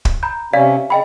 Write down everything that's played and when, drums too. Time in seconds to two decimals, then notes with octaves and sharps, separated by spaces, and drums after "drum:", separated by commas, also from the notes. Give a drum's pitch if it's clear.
0.05 drum: kick
0.23 A#5 B5 G6
0.53 C3 C#4 D5 F5
0.90 C#3 D#5 G5 B5